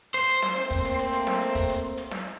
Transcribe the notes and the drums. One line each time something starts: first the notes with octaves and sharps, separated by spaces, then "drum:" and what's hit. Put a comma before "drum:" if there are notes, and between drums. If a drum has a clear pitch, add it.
C5, drum: hi-hat
drum: hi-hat
drum: snare
A3 A#3 C4, drum: hi-hat
drum: kick, open hi-hat
drum: hi-hat
drum: hi-hat
drum: hi-hat
drum: snare
drum: hi-hat
drum: kick, open hi-hat
drum: hi-hat
drum: hi-hat
drum: snare